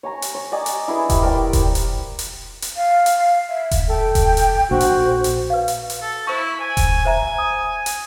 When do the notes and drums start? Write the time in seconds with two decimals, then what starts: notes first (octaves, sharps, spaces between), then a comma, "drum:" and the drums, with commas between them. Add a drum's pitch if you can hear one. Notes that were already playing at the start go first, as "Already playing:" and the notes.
0.03 C#5 G#5 A#5 C#6
0.22 drum: hi-hat
0.34 C#5
0.52 D5 D#5 G#5
0.66 drum: hi-hat
0.88 E4 G#4 B4
1.10 G4, drum: kick E1, hi-hat
1.22 A#4 C5 D5 G5
1.53 drum: kick E1, hi-hat
1.75 drum: hi-hat
2.19 drum: hi-hat
2.62 drum: hi-hat
2.76 F5
3.06 drum: hi-hat
3.49 E5
3.71 drum: kick E1, hi-hat
3.89 A4 G5
4.15 drum: kick E1, hi-hat
4.37 drum: hi-hat
4.71 A#1 F#4 C5
4.81 drum: hi-hat
5.24 drum: hi-hat
5.50 B4 F5
5.68 drum: hi-hat
5.90 drum: hi-hat
6.02 A4
6.27 E4 C5 C#6
6.60 G#5
6.77 drum: kick E1, hi-hat
7.05 C5 E5 G#5 A#5
7.38 D#6
7.86 drum: hi-hat